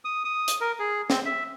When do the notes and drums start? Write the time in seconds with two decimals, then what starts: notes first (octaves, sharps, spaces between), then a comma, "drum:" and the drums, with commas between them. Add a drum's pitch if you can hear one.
0.05 D#6
0.25 D#6
0.48 drum: hi-hat
0.61 A#4
0.79 G#4
1.10 C4, drum: snare
1.25 E5